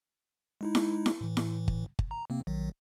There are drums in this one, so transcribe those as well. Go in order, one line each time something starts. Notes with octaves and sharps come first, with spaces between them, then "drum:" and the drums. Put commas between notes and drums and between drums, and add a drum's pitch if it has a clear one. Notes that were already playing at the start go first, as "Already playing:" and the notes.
G#3 D#4 E4
drum: snare E4
drum: snare E4
A2 E3
drum: snare E4
drum: kick G1
drum: kick G1
A#5
C3 A#3 C4
A#1 D#3 F#3